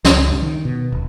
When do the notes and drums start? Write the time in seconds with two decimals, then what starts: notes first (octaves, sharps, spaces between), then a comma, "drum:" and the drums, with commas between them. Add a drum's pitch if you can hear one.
0.05 C#2, drum: snare
0.31 G2
0.42 D#3
0.65 B2
0.92 D#1